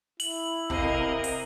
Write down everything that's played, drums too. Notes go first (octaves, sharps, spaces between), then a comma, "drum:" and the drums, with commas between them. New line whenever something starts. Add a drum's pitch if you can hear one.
E4 F#7, drum: open hi-hat
C3 A#4 D#5 F5, drum: kick
drum: open hi-hat